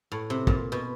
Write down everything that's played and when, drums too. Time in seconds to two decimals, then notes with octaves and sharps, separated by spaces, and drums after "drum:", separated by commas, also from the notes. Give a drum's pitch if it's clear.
0.12 A2
0.30 C3
0.47 A#2, drum: kick
0.72 B2